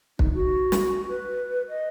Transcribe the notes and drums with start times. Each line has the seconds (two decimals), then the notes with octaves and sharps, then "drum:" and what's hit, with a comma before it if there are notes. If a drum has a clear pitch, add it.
0.19 D#4, drum: kick
0.34 F#4
0.72 drum: snare
1.09 B4
1.69 D#5